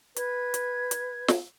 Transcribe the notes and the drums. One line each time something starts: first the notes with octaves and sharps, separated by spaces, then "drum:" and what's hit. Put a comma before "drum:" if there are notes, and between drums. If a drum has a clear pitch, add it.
B4 G#6, drum: hi-hat
drum: hi-hat
drum: hi-hat
drum: snare